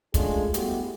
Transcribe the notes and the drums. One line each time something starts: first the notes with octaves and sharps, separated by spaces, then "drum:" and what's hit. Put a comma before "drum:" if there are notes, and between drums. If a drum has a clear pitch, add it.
G#3 A3 C#4 D4 F4 G#4, drum: kick, hi-hat
G3 A3 B3 E4 F#4 G4, drum: hi-hat